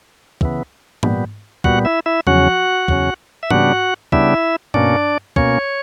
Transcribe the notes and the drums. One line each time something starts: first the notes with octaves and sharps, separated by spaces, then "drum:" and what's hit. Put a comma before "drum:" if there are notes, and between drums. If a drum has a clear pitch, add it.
C#3 E3 B3, drum: kick
A#2 G3 B3, drum: tom G#2
A#2 G3 B3 F#4 F#5, drum: kick
E4 E5
E4 E5
E2 C#3 F#3 C#4 F#4 F#5, drum: tom F3
E2 C#3 F#3 C#4, drum: kick
E5
C#3 G3 B3 D4 F#4 F#5, drum: tom G#2
C#3 G3 B3 D4 E4 E5, drum: kick
B2 A#3 C#4 D4 D5, drum: tom G2
B2 A#3 C#4 C#5, drum: kick